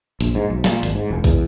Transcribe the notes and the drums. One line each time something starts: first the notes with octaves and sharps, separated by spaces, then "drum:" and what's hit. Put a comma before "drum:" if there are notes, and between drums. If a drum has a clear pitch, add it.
A#1, drum: hi-hat
G#2
B1
A#2, drum: snare
G#1, drum: hi-hat
G#2
E1
E2, drum: kick, hi-hat